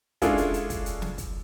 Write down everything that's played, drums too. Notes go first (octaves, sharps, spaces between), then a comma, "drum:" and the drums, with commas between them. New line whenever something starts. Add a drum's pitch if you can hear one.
G#3 C#4 D4 E4 F4 A4, drum: kick, hi-hat
drum: hi-hat
drum: hi-hat
drum: kick, hi-hat
drum: hi-hat
drum: snare
drum: kick, hi-hat